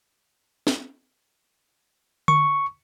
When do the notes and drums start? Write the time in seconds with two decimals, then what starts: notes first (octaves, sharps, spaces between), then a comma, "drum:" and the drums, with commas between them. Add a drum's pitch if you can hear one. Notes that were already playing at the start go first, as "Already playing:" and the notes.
0.67 drum: snare
2.28 C#6, drum: tom D3